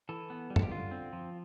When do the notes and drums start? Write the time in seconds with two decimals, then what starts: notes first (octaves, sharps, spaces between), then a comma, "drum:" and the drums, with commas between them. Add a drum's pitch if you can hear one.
0.09 E3 A4
0.30 B3
0.50 G3
0.56 A4, drum: tom F#2
0.63 G4
0.71 D3 F4
0.91 C4
1.13 F3